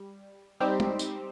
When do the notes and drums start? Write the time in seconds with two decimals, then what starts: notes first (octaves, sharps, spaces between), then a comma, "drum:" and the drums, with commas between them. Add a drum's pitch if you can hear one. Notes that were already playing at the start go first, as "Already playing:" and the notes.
Already playing: G3
0.60 G3 C4 D#4 G4 C5
0.80 drum: tom
0.99 drum: tambourine